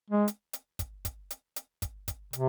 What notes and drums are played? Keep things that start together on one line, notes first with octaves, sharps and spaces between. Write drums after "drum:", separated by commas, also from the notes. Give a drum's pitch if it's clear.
G#3
drum: hi-hat
drum: hi-hat
drum: kick, hi-hat
drum: kick, hi-hat
drum: hi-hat
drum: hi-hat
drum: kick, hi-hat
drum: kick, hi-hat
C3, drum: hi-hat